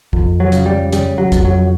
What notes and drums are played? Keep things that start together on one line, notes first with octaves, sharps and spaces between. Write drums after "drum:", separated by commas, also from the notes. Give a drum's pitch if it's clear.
F2, drum: kick
F#3
C#3, drum: hi-hat
G3
C#3 G3, drum: hi-hat
F#3
F2, drum: kick, hi-hat
F#3